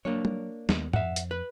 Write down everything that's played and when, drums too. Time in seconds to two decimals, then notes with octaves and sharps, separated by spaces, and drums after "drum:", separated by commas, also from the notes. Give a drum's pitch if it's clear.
0.05 F#3 A#3 D4 C#5
0.25 drum: tom
0.69 D#2 G#3 B3, drum: snare
0.93 F2 E5 F#5, drum: tom
1.16 drum: hi-hat
1.31 B4